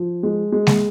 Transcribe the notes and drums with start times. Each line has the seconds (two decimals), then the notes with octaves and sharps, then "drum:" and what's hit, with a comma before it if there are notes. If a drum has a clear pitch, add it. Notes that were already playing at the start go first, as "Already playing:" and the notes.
Already playing: F3
0.23 G#3
0.52 G#3
0.67 drum: snare G#3